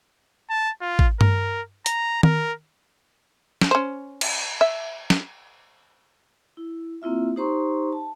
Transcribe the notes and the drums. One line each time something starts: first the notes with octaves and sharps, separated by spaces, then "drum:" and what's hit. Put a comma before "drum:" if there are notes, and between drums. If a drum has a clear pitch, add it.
A5
F4
drum: kick
A#4, drum: tom G2
A#5, drum: hi-hat
A#4, drum: tom D#3
drum: snare
C#4 C5
drum: cymbal
E5
drum: snare
E4
A#3 C4 E4 F4 E5
D#4 G4 C5 A#5 C6 C#6
A5